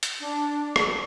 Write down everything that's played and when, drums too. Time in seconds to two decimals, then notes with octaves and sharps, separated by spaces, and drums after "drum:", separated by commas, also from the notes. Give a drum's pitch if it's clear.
0.03 drum: hi-hat
0.20 D4
0.76 drum: rim click